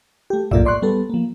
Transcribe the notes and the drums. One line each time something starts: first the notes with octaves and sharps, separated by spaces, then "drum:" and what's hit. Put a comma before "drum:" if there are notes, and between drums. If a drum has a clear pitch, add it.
A3 G4
F#2 A2 A#3 F4 D5 E5, drum: kick B1
D5 C6 C#6 F#6
G3 B3 A4
F3 A#3